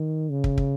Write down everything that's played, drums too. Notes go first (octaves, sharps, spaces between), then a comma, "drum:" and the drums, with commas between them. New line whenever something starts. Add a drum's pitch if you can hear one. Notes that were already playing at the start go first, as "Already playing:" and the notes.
Already playing: D#3
C#3
drum: kick
drum: kick